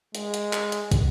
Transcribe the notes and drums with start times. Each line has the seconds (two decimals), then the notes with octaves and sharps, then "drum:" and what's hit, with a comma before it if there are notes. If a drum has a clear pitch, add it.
0.15 G#3, drum: hi-hat
0.34 drum: hi-hat
0.53 drum: clap
0.72 drum: hi-hat
0.91 drum: kick, hi-hat